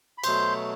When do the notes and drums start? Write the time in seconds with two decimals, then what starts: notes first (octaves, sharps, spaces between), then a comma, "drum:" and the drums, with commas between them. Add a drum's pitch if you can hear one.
0.18 B5
0.24 B2 F#3 A3 C5 C6, drum: cymbal